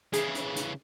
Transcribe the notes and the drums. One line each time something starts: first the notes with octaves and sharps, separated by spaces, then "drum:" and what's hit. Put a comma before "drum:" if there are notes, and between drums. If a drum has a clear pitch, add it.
C#3 E3 G#4, drum: hi-hat
drum: hi-hat
drum: hi-hat